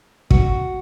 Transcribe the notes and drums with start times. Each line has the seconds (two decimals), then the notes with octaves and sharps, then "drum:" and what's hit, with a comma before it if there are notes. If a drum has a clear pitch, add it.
0.30 F#4, drum: kick